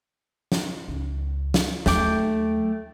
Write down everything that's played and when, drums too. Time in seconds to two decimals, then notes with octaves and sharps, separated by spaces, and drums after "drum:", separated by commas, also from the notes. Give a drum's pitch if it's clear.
0.52 drum: snare
0.88 C#2
1.54 drum: snare
1.86 D#2 F#3 A3 G5 D6, drum: snare